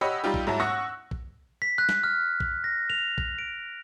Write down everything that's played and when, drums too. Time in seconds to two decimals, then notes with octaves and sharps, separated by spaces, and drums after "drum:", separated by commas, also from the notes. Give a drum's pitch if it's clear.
0.01 G4 C#5 D#5 F#5 B5 E6
0.24 G3 D#4 F4 G4
0.34 drum: kick
0.47 G#2 F#3 E4 A5
0.60 F#5 C#6 D#6 E6 F#6 A#6
1.11 drum: kick
1.62 B6
1.78 F#6
1.89 drum: snare
2.04 F6
2.40 drum: kick
2.64 A#6
2.90 F7
3.18 drum: kick
3.38 D7